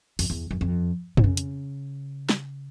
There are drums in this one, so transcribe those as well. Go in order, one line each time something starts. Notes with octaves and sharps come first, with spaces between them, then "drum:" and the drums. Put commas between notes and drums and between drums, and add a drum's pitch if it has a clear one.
F2, drum: open hi-hat
E2
F#2
F2
C3, drum: tom
C#3
drum: hi-hat
drum: snare